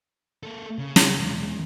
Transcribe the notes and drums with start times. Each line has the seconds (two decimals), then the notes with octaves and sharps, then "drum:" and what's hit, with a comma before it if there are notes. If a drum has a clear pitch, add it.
0.43 A#3 A4
0.78 C#3
0.96 drum: snare
1.20 E2 G#3